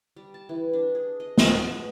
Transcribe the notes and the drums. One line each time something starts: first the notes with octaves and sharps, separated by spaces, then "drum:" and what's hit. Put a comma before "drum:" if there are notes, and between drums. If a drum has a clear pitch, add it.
G3
A5
E3
D4
G#4
D#5
F#4, drum: snare
G#3
B4